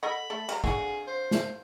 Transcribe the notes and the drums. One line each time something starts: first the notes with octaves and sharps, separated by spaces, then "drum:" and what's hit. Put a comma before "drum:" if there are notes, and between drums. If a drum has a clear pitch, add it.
A4 D#5 F#5 B5
A3 A4
G3 B4 A#5, drum: cymbal
D3 F#4 G#4, drum: kick
C5
drum: snare